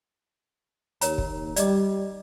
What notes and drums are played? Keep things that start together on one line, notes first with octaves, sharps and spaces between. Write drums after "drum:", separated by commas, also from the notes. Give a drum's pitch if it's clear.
D#2 A#4 C#5 A#5, drum: hi-hat
drum: kick
G3 D5 D#5 D6, drum: hi-hat